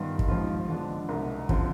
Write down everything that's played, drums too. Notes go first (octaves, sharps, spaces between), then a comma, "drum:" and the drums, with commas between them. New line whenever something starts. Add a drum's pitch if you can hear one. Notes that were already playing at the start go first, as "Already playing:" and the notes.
Already playing: G2 D#3 G3 B3 F4
drum: kick
G#2 F3 C4 F4
D3 F3 G#3 B3 D4
C2 B2 G#3 B3
D3 F3 C4 F4, drum: kick